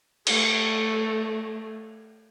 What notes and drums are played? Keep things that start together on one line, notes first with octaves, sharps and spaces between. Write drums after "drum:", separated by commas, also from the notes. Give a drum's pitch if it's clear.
A3, drum: cymbal